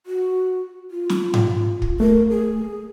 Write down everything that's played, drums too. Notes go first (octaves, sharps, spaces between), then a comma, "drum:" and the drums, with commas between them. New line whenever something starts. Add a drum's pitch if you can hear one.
F#4
F4
drum: snare
drum: tom G#2
drum: kick
A3 A#4
G#4